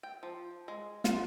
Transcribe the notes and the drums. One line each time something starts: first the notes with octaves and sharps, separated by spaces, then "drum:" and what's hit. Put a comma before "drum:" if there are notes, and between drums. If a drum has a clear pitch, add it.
G5
F3
G#3
F4, drum: snare